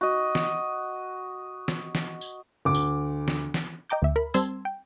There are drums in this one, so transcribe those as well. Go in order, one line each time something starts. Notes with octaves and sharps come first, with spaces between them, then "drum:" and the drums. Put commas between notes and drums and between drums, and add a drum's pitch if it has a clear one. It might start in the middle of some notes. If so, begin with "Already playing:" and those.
F#4 D#5
drum: snare
drum: snare
drum: snare
drum: tambourine
D2 D6
drum: tambourine
drum: snare
drum: snare
D#5 G5 A#5 D6 G6
D2 E5
A#4 B5
G3 C4 A5 C6 E6 G#6, drum: tambourine
G5